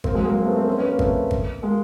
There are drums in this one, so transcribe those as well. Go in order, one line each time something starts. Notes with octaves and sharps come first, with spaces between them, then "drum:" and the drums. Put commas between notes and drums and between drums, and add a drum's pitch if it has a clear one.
A#3 C4, drum: kick G#1
F#3 G#3
G#3 A#3
A#3 C4
A3 B3
A#3 C4
B3 C#4
B3 C#4
A#3 C4
A3 B3, drum: kick G#1
drum: kick G#1
G#3 A#3